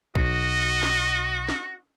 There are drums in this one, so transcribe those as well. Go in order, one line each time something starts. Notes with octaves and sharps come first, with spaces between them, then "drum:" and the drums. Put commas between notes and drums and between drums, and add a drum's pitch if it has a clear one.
B1 F#4 D#5, drum: kick
drum: snare
drum: snare